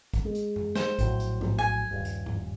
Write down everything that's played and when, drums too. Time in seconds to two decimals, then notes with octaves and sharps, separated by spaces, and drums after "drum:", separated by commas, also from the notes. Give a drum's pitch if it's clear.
0.14 drum: kick, hi-hat
0.24 G#3
0.35 drum: hi-hat
0.56 drum: tom F#2
0.75 C5, drum: snare
0.99 A#1 A2 F#3, drum: kick, hi-hat
1.20 drum: hi-hat
1.41 drum: tom G#2
1.59 G#5
1.91 D#1 G2
2.05 drum: hi-hat
2.26 drum: tom G#2